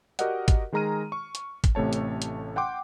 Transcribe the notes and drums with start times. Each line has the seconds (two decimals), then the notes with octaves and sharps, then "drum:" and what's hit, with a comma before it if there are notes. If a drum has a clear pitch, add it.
0.19 F#4 G4 A#4 D5 D#5 F#5, drum: hi-hat
0.48 drum: kick, hi-hat
0.72 D#3 G#3 G#4 A#5 F6 D#7
1.12 C#6
1.35 drum: hi-hat
1.64 drum: kick, hi-hat
1.75 A1 C3 A3 C#5 A5
1.93 drum: hi-hat
2.22 drum: hi-hat
2.56 F#5 G5 C6 D6